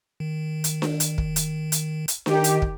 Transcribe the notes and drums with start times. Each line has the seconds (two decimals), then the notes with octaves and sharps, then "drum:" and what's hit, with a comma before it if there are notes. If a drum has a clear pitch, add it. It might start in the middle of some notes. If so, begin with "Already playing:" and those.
0.20 D#3
0.64 drum: hi-hat
0.82 drum: snare D4
1.00 drum: hi-hat
1.18 drum: kick
1.36 drum: hi-hat
1.72 drum: hi-hat
2.08 drum: hi-hat
2.26 D#3 G4, drum: snare D4
2.44 drum: hi-hat
2.62 drum: kick